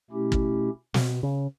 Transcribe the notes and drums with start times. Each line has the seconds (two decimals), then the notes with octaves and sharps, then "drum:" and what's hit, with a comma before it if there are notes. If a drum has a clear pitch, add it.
0.10 B2 A3 C#4 E4 G4
0.32 drum: kick
0.94 B2, drum: snare
1.23 C#3